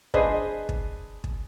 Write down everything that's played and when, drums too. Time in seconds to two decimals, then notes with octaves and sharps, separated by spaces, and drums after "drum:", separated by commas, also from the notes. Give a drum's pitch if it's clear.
0.14 D4 G#4 B4 C5 D#5, drum: kick
0.69 drum: kick
1.24 drum: kick